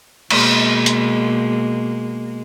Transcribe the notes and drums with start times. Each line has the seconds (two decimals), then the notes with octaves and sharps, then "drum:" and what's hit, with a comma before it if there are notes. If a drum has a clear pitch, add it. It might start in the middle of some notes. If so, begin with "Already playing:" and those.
0.30 B2 G#3 A#3, drum: cymbal
0.86 drum: hi-hat